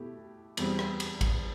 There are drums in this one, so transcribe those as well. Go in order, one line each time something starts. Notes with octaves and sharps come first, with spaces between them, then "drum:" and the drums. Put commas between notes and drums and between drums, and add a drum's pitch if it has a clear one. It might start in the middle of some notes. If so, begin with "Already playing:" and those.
Already playing: B2 A3 E4 G4
E2 B2 G3 C4, drum: cymbal
drum: rim click
drum: cymbal
drum: kick A1, cymbal